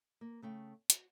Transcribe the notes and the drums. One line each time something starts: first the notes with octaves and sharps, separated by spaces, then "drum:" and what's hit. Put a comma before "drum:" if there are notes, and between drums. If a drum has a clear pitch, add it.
A#3
C#3 A3 G5
F#4, drum: hi-hat